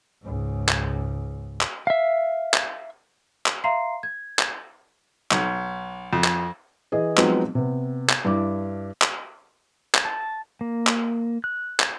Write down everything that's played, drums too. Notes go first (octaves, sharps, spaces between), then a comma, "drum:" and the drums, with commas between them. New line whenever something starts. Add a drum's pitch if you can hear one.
C#2 G#2
drum: clap
drum: clap
E5 F5
drum: clap
drum: clap
E5 F5 A#5 C6 C7
G#6
drum: clap
B1, drum: clap
F2
drum: clap
E3 G#4 D#5
F3 F#3 G#3 B3 C4 D#4, drum: clap
C3 B3
drum: clap
G2 D4 E4 D6
drum: clap
drum: clap
A5
A#3
drum: clap
F#6
drum: clap